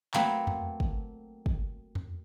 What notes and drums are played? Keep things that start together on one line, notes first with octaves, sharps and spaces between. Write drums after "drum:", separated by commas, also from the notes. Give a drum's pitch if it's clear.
F#3 A3 A#3 C4 B4, drum: clap
drum: tom E2
drum: kick
drum: kick
drum: tom E2